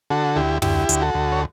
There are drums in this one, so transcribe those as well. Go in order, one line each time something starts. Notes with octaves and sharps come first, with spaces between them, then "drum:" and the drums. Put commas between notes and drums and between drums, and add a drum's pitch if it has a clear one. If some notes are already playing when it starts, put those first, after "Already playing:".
D3 F#4 A4
D2 E4 G4
D2 E4 G4, drum: tom
D2, drum: hi-hat
F#4 A4
D2
C#5